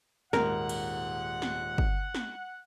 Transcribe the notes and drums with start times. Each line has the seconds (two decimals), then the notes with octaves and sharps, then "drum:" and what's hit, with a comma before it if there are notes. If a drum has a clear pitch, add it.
0.33 D#1 G#2 A#4 F#5, drum: snare
0.69 drum: cymbal
1.42 drum: snare
1.78 drum: kick
2.15 drum: snare